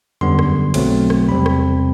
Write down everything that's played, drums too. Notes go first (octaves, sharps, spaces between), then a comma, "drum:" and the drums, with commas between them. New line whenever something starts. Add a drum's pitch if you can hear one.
F#2 D3 G3 B3 C6, drum: tom E2
drum: rim click
B1 B2 F#3 A3 C4, drum: cymbal
drum: rim click
E2 C3 G3 C4 B5
drum: rim click